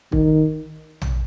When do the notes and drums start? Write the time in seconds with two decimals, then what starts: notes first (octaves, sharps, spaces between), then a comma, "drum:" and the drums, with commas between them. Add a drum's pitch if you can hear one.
0.12 D#3, drum: kick
1.01 drum: tom A#1